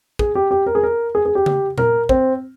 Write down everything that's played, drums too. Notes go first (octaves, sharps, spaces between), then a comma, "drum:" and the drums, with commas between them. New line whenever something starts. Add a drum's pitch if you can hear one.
G#4, drum: kick
G4
G4
A#4
G#4
A#4
G#4
G#4
G4
drum: tom C#3
A#4, drum: tom A#2
C4, drum: kick